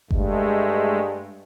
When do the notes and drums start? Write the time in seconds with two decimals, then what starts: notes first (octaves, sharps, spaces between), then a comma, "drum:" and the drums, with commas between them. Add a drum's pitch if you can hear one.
0.11 G2 G#3 A3, drum: kick G1